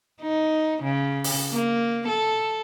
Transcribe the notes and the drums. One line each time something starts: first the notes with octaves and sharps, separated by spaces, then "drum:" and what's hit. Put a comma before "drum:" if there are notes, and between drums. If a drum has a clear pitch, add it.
D#4
C#3
drum: open hi-hat
A#3
A4